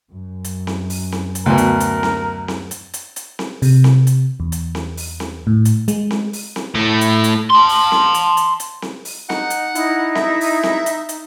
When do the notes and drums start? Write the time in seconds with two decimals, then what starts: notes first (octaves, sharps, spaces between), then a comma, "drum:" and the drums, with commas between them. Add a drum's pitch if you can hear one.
0.12 F#2
0.44 drum: hi-hat
0.67 drum: snare C4
0.90 drum: open hi-hat
1.12 drum: snare C4
1.35 drum: hi-hat
1.46 D2 B2 A#4
1.58 drum: hi-hat
1.80 drum: hi-hat
2.03 drum: snare C4
2.48 drum: snare C4
2.71 drum: hi-hat
2.94 drum: hi-hat
3.16 drum: hi-hat
3.39 drum: snare C4
3.62 C3, drum: open hi-hat
3.84 drum: snare C4
4.07 drum: hi-hat
4.40 E2
4.52 drum: hi-hat
4.75 drum: snare C4
4.97 drum: open hi-hat
5.20 drum: snare C4
5.47 A2
5.65 drum: hi-hat
5.88 G#3, drum: hi-hat
6.11 drum: snare C4
6.33 drum: open hi-hat
6.56 drum: snare C4
6.75 A2 A3
7.01 drum: hi-hat
7.24 drum: hi-hat
7.50 A5 C6
7.69 drum: open hi-hat
7.92 drum: snare C4
8.14 drum: hi-hat
8.37 drum: hi-hat
8.60 drum: hi-hat
8.82 drum: snare C4
9.05 drum: open hi-hat
9.30 D#4 F#5, drum: snare C4
9.50 drum: hi-hat
9.75 D#4 E4, drum: hi-hat
10.15 E4 E5, drum: snare C4
10.41 drum: open hi-hat
10.63 drum: snare C4
10.86 drum: hi-hat
11.09 drum: hi-hat